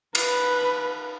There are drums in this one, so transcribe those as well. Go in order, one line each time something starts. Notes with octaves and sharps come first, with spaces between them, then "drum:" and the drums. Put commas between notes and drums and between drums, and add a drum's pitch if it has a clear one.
B4, drum: cymbal